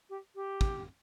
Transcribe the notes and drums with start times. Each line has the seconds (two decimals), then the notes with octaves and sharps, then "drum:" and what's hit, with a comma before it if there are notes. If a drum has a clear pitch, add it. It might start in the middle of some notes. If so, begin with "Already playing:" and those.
0.09 G4
0.35 G4
0.61 drum: kick